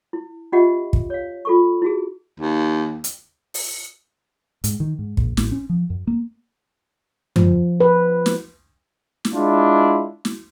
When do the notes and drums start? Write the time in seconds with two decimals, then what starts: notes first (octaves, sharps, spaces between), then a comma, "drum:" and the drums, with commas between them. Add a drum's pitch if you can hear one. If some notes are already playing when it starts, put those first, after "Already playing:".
0.13 E4
0.52 C#4 F4 G4 D#5 E5 F#5
0.93 drum: kick
1.10 C#5 F5
1.45 F4 A4 C#6
1.82 E4 F#4 G#4
2.40 D#2
3.04 drum: hi-hat
3.54 drum: open hi-hat
4.64 G#2, drum: hi-hat
4.80 D#3
4.99 G#2
5.17 A#1, drum: kick
5.37 A1, drum: snare
5.52 C#4
5.69 F3
5.90 F#2
6.07 A#3
7.36 F3, drum: tom F#2
7.80 B4
8.26 drum: snare
9.25 drum: snare
9.34 G#3 D4 E4 F4
10.25 drum: snare